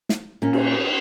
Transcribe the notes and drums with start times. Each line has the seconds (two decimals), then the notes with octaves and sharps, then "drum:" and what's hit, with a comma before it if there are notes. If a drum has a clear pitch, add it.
0.09 drum: snare
0.42 A#2 A#3 C#4
0.53 drum: cymbal